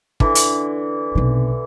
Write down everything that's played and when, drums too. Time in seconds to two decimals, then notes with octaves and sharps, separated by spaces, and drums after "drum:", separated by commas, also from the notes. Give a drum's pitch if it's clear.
0.20 D3 E3, drum: kick
0.35 drum: hi-hat
1.15 B1 C3